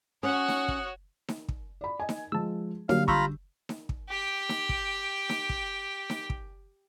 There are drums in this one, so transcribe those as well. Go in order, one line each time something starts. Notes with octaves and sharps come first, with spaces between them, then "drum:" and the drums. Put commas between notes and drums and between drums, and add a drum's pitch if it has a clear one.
C#4 F#4 C#5 F#5 D#6
drum: snare D#4
drum: kick
drum: snare D#4
drum: kick
D5 B5
D#5 G#5
drum: snare D#4
F3 G#3 A5 E6
D3 F#3 G3 A#3 F5, drum: snare D#4
F4 A#5 B5 C#6 E6 G6, drum: kick
drum: snare D#4
drum: kick
G4 G5
drum: snare D#4
drum: kick
drum: snare D#4
drum: kick
drum: snare D#4
drum: kick